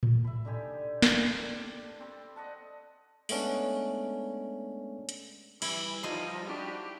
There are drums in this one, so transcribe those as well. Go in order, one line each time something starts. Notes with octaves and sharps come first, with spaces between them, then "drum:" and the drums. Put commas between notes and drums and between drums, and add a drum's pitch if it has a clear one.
drum: tom A2
E5 B5
D3 D#4 G4 G#5
D4 G4, drum: snare
D5
C4 D5 B5
D5 D#5 F#5 A5
G#3 A3 B3 C#4 D4, drum: open hi-hat
drum: hi-hat
E3 G3 E4, drum: cymbal
F3 G3 D#4 D#5 C6
D4 E4 F#4 G4